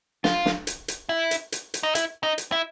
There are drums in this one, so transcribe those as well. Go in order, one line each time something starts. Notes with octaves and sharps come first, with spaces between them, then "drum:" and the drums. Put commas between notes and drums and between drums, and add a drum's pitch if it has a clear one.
F4, drum: snare
drum: snare
drum: hi-hat
drum: hi-hat
E4
drum: hi-hat
drum: hi-hat
drum: hi-hat
D#4
E4, drum: hi-hat
D#4
drum: hi-hat
E4